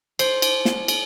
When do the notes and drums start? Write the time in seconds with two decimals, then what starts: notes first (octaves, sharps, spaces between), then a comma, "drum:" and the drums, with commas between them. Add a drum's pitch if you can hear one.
0.19 C5, drum: cymbal
0.42 drum: cymbal
0.65 drum: snare
0.88 drum: cymbal